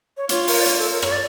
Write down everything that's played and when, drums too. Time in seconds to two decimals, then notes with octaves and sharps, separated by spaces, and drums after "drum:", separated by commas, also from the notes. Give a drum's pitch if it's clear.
0.17 C#5
0.29 F4 C#5, drum: hi-hat
0.47 A#4, drum: open hi-hat
0.61 D5
0.66 C#5, drum: hi-hat
0.78 A4
0.91 A#4
1.02 C#5, drum: rim click
1.12 D5